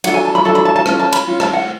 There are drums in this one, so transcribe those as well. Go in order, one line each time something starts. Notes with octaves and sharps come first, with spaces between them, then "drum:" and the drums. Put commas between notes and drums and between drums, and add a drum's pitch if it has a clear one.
D4 F#4 A4 F#5, drum: cymbal
G#5
A5
B5
D4 F#4 A4 A5
B5
A5
A5
C#4 F4 A4, drum: rim click
A5
B5, drum: cymbal
C#4 F4
A5, drum: rim click
F#5